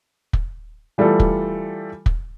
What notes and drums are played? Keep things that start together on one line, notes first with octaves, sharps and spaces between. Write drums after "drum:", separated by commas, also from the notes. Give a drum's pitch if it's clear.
drum: kick
E3 G3 A3 F4 A4
drum: kick
drum: kick